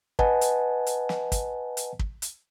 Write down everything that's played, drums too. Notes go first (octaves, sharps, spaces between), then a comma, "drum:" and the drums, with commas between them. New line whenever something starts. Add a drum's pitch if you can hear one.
B4 D#5 F#5 G#5 A5, drum: kick
drum: hi-hat
drum: hi-hat
drum: snare
drum: kick, hi-hat
drum: hi-hat
drum: kick
drum: hi-hat